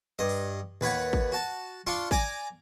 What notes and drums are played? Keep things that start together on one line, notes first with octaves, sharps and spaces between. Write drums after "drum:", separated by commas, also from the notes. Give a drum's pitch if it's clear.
G2 D#5
drum: open hi-hat
D#2 B4 C#5 F#5, drum: tom A2
drum: kick
F#4 A5
D4 F4 C6 C#6
D5 G#5 A#5 D6, drum: kick